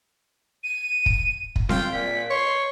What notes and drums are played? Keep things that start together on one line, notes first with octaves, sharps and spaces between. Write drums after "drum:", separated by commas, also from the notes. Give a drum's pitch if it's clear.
D#7
drum: kick
drum: kick
F4 G5, drum: snare C4
A#2 B6
C#5 C6